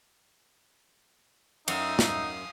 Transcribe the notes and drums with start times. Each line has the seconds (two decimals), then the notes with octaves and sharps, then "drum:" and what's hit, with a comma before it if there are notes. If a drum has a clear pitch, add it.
1.68 F#2 D#4 E5 F5 D#6, drum: cymbal
1.99 drum: snare